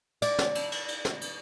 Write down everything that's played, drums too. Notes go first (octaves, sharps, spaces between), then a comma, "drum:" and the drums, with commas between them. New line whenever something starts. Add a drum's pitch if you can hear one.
D5, drum: cymbal
drum: snare
drum: cymbal
drum: cymbal
drum: cymbal
drum: snare
drum: cymbal